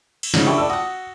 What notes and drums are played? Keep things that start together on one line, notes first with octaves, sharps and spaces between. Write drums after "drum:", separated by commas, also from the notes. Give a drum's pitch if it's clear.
drum: cymbal
G#2 C#3, drum: snare
D4 G4 A4 B4 E5 C#6
D5 A5 E6
F#4 F#5 D#6